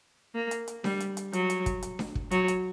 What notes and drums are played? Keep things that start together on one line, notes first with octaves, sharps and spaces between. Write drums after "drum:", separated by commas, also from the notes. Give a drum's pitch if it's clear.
A#3
drum: hi-hat
drum: hi-hat
G3, drum: snare D4
drum: hi-hat
drum: hi-hat
F#3, drum: hi-hat
drum: hi-hat
drum: kick, hi-hat
drum: hi-hat
drum: snare D4
drum: kick
F#3, drum: hi-hat
drum: hi-hat